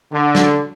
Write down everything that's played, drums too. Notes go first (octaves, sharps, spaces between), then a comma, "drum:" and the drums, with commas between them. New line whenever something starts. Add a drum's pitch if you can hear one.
D3
drum: snare